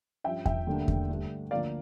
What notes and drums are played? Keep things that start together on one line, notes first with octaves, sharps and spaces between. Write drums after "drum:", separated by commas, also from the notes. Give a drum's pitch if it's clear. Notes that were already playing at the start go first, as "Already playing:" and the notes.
G2 F3 C#4 E5 G5
E5 G5, drum: kick E2
D2 D3 G3 A#3 D4
drum: kick E2
G2 D3 A3 D4
D2 D3 F3 A#3 D5 F5